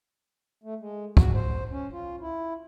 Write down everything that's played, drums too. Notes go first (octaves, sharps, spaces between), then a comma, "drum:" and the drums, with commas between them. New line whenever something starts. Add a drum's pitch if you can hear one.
A3
G#3
F#4, drum: kick
C5
C#4
F4
E4